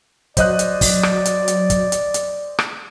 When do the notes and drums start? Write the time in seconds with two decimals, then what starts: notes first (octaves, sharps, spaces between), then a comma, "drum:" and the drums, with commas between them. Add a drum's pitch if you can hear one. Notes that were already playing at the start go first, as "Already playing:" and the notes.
0.37 F#3 C5 D5 D#5 F#6, drum: kick, hi-hat
0.59 drum: hi-hat
0.81 drum: kick, open hi-hat
1.03 drum: rim click
1.25 drum: hi-hat
1.48 drum: hi-hat
1.70 drum: kick, hi-hat
1.92 drum: hi-hat
2.14 drum: hi-hat
2.59 drum: rim click